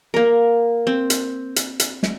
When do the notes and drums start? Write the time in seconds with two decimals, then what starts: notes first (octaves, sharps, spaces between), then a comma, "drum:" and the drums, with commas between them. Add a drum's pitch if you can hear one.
0.14 A#3 A#4
0.87 C4
1.10 drum: hi-hat
1.56 drum: hi-hat
1.80 drum: hi-hat
2.03 drum: snare